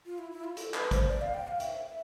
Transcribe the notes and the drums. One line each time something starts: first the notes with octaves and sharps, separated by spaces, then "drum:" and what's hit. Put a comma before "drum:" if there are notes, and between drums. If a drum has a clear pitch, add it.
F4
E4
E4
F4
A4, drum: hi-hat
B4, drum: clap
C5, drum: kick A1, hi-hat
D5
F5
G5
F5
E5, drum: hi-hat
E5